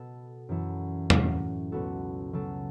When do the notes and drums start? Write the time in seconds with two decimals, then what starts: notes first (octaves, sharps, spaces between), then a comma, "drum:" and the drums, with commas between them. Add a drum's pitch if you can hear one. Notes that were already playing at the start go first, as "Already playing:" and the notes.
Already playing: B2 B3 A4
0.49 F#2 E3 C#4 E4 A4
1.10 A2 F#3 C#4 F#4, drum: tom
1.72 C#2 B2 B3 F#4 A4
2.33 C#3 F#3 B3 A4